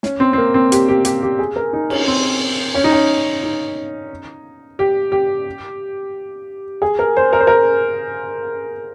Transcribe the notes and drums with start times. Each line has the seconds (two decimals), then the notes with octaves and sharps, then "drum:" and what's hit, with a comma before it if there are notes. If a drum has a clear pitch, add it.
0.03 C#4, drum: snare
0.20 C4
0.33 C4
0.38 A#3
0.54 C4
0.72 G4, drum: hi-hat
0.88 G4
1.05 G4, drum: hi-hat
1.23 G4
1.39 G#4
1.56 A#4
1.73 D#4
1.90 C#4, drum: cymbal
2.07 C4
2.74 C#4
2.84 D#4
2.92 C#4
3.43 D#4
4.79 G4
5.12 G4
6.82 G#4
6.99 A#4
7.17 C5
7.33 A#4
7.40 C5
7.47 A#4